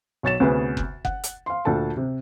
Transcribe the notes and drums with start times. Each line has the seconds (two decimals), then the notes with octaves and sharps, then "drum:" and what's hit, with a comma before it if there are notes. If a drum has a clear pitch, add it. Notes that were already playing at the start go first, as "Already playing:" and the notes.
0.23 B1 C#5 A6 E7
0.40 D2 C3 B3 C#4 G#4 B4
0.77 drum: kick F#1
1.05 F#5, drum: kick F#1
1.24 drum: hi-hat
1.46 F5 C6
1.65 D2 A#2 D4 A4 A5
1.97 C3